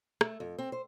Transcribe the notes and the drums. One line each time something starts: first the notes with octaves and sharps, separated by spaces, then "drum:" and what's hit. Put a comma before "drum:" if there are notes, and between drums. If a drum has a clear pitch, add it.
A3, drum: rim click
F2
C4
C5